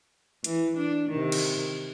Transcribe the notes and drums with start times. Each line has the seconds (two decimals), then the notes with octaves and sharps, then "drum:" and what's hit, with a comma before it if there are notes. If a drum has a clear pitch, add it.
0.44 E3, drum: hi-hat
0.77 D4
1.10 C3 D#3
1.32 drum: cymbal